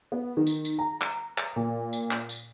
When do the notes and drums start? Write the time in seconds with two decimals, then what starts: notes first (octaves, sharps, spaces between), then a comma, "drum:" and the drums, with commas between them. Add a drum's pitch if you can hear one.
0.12 B3
0.37 D#3
0.47 drum: tambourine
0.65 drum: tambourine
0.79 A#5
1.01 drum: clap
1.38 drum: clap
1.56 A#2
1.93 drum: tambourine
2.11 drum: clap
2.29 drum: tambourine